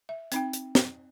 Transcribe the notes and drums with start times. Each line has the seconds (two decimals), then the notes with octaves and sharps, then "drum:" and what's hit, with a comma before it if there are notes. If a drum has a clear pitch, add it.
0.09 E5
0.32 C4 D#4 G5, drum: hi-hat
0.53 drum: hi-hat
0.75 drum: snare